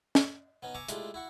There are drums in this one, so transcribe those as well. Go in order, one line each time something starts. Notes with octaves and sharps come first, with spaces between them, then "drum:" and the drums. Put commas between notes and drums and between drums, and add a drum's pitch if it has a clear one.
drum: snare
B3 C#4 D#4
E5 G#5 A#5 C#6 D6
G#3 A3 D4 E4 F4 G4, drum: hi-hat
E4 F#4 C#6